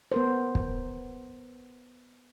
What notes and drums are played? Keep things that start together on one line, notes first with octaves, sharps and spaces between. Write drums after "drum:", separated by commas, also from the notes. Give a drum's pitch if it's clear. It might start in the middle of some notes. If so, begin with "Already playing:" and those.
B3 A#4 C5
drum: kick